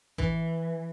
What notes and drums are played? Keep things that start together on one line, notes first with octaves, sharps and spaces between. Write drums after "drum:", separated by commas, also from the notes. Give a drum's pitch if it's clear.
E3, drum: kick A1